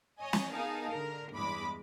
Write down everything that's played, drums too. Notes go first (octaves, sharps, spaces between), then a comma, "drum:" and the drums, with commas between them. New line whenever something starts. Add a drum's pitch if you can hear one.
C#5 D#5 G#5
drum: snare
B3 D#4 G#4 A#4 F5 A5
D3 A#4
E2 G2 G#3 B5 D6